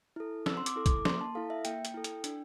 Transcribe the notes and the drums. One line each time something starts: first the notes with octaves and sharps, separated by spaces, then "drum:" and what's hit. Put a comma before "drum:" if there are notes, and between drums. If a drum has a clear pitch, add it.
E4 A4
C4 E6, drum: snare
C6
D6, drum: hi-hat
E4 A4
D6, drum: kick, hi-hat
A#3 C6, drum: snare
A5
E4 A4 F5
E5
A#3 G5, drum: hi-hat
drum: hi-hat
E4 A4
drum: hi-hat
D4, drum: hi-hat